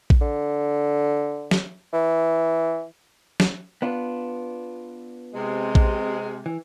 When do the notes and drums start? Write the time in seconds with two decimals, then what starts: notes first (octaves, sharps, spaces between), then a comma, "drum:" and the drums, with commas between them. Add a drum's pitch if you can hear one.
0.10 drum: kick A#1
0.21 D3
1.51 drum: snare
1.93 E3
3.40 drum: snare
3.82 B3 D4 F4
5.34 C3 G#3
5.75 drum: kick A#1
6.46 E3